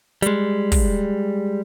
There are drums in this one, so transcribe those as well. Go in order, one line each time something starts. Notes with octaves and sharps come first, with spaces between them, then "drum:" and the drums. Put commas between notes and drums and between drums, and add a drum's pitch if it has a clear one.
G3 G#3, drum: hi-hat
drum: kick, open hi-hat